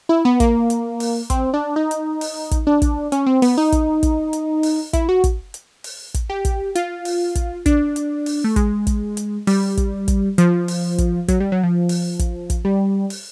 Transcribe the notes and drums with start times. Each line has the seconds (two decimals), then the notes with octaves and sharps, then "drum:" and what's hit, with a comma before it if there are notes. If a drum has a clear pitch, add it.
0.09 E4
0.25 B3
0.40 A#3, drum: kick, hi-hat
0.70 drum: hi-hat
1.00 drum: open hi-hat
1.30 C4, drum: kick, hi-hat
1.54 D4
1.76 D#4
1.91 drum: hi-hat
2.21 drum: open hi-hat
2.51 drum: kick, hi-hat
2.67 D4
2.82 drum: kick, hi-hat
3.12 C#4, drum: hi-hat
3.26 C4
3.42 B3, drum: open hi-hat
3.58 D#4
3.72 drum: kick, hi-hat
4.03 drum: kick, hi-hat
4.33 drum: hi-hat
4.63 drum: open hi-hat
4.93 E4, drum: kick, hi-hat
5.09 F#4
5.24 drum: kick, hi-hat
5.54 drum: hi-hat
5.84 drum: open hi-hat
6.14 drum: kick, hi-hat
6.30 G4
6.45 drum: kick, hi-hat
6.75 F4, drum: hi-hat
7.05 drum: open hi-hat
7.35 drum: kick, hi-hat
7.66 D4, drum: kick, hi-hat
7.96 drum: hi-hat
8.26 drum: open hi-hat
8.44 A3
8.56 G#3, drum: kick, hi-hat
8.87 drum: kick, hi-hat
9.17 drum: hi-hat
9.47 G3, drum: open hi-hat
9.77 drum: kick, hi-hat
10.08 drum: kick, hi-hat
10.38 F3, drum: hi-hat
10.68 drum: open hi-hat
10.98 drum: kick, hi-hat
11.28 F#3, drum: kick, hi-hat
11.40 G3
11.52 F#3
11.63 F3
11.89 drum: open hi-hat
12.19 drum: kick, hi-hat
12.50 drum: kick, hi-hat
12.65 G3
13.10 drum: open hi-hat